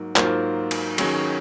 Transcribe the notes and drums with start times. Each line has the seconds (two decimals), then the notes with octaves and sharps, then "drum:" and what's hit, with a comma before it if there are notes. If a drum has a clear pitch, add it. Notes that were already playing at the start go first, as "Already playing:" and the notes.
Already playing: G#2 F#3 A#3
0.16 G#2 F#3 A#3 F4 C5, drum: clap
0.71 drum: cymbal
0.98 D#3 F#3 C#4 G#4, drum: cymbal